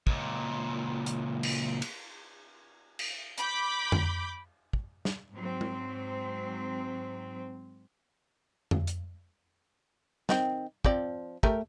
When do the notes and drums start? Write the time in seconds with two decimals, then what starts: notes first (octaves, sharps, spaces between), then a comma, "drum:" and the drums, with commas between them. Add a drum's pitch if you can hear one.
0.07 C#2 A#2, drum: kick
1.06 drum: hi-hat
1.43 drum: cymbal
1.82 drum: cymbal
2.99 drum: cymbal
3.38 B5 D6 G6, drum: hi-hat
3.92 drum: tom F2
4.73 drum: kick
5.05 drum: snare
5.32 G#2 F#3 C4
5.61 drum: tom G#3
8.71 drum: tom F2
8.87 drum: hi-hat
10.29 D#3 C4 G5, drum: snare
10.85 F3 C4 D5, drum: kick
11.43 A3 G4 A#4, drum: kick